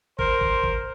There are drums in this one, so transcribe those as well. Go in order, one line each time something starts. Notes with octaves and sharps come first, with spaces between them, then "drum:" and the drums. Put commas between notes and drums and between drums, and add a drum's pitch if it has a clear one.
A#4 C5, drum: kick
drum: kick
drum: kick